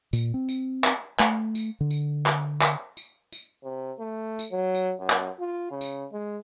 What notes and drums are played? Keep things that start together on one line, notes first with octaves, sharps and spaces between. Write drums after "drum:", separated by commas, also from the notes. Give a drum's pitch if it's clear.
A#2, drum: tambourine
C4
drum: tambourine
drum: clap
A3, drum: clap
drum: tambourine
D3
drum: tambourine
drum: clap
drum: clap
drum: tambourine
drum: tambourine
C3
A3
drum: tambourine
F#3
drum: tambourine
F#2
drum: clap
F4
C#3
drum: tambourine
G#3